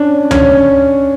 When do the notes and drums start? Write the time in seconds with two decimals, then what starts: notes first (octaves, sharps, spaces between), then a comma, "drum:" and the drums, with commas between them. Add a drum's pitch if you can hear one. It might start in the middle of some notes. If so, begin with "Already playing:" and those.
Already playing: C#4 D4
0.31 C#4, drum: tom D2